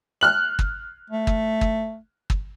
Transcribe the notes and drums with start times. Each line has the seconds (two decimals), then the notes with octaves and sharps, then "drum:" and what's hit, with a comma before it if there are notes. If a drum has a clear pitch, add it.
0.21 F6 F#6 F#7
0.59 drum: kick
1.10 A3
1.27 drum: kick
1.61 drum: kick
2.30 drum: kick